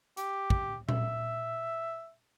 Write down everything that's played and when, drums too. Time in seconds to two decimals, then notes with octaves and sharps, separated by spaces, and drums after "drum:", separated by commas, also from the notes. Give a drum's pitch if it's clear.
0.17 G4, drum: hi-hat
0.50 drum: kick
0.89 E5, drum: tom A#2